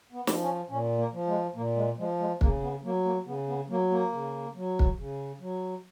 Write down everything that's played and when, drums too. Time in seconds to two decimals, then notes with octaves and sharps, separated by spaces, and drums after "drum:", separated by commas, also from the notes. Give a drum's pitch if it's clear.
0.13 B3
0.27 F3, drum: snare
0.41 C#4
0.70 A#2 C#4
0.98 A#3
1.13 F3
1.27 G#3
1.55 A#2 A#3
1.76 G#3
1.98 F3 G#3
2.19 G#3
2.41 C#3 A#3, drum: kick
2.62 B3
2.84 F#3 A#3
3.05 A#3
3.26 C#3 B3
3.48 B3
3.69 F#3 A#3
3.91 A#3
4.12 C#3
4.54 F#3
4.79 drum: kick
4.98 C#3
5.40 F#3